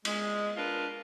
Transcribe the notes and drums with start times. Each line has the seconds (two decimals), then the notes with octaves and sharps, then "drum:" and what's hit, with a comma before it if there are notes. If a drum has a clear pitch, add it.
0.05 G#3, drum: cymbal
0.56 D4 F4 A#4 B4